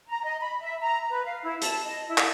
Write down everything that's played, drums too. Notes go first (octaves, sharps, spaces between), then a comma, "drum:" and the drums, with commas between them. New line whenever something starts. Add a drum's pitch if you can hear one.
A#5
D#5
B5
E5
A#5
B4
F5
E4
A5, drum: hi-hat
D#5
E4
drum: clap